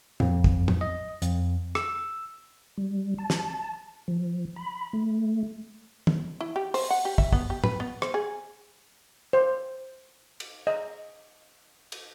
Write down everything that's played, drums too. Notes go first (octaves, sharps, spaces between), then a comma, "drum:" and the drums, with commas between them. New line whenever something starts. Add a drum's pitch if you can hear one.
F2, drum: tom
drum: kick
drum: tom A2
D#5
F2, drum: hi-hat
E6, drum: rim click
G3
A5
drum: snare
F3
B5
A3
drum: tom
E4
G4
C5, drum: open hi-hat
F#5
G4
E5, drum: kick
B3, drum: kick
G4
B4, drum: tom A2
B3
C5, drum: rim click
G#4
C5
drum: cymbal
D#5
drum: cymbal